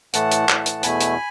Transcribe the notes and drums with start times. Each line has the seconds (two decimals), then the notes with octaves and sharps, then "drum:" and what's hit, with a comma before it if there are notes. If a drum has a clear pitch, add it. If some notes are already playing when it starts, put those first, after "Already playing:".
0.14 A2 E3 A3 F#5 A5, drum: hi-hat
0.32 drum: hi-hat
0.49 A2 E3 A3, drum: clap
0.66 drum: hi-hat
0.83 E2 B2 A3 G#5 B5, drum: hi-hat
1.00 drum: hi-hat